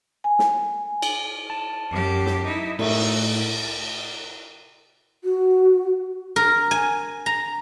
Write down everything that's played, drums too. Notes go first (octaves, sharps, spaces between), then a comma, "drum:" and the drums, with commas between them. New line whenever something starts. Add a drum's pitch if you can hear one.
G#5
drum: snare
drum: cymbal
A5
F#2 G4
drum: snare
D#4 E4
A2 A3 D#4, drum: cymbal
F#4
A#4
G#5
A#5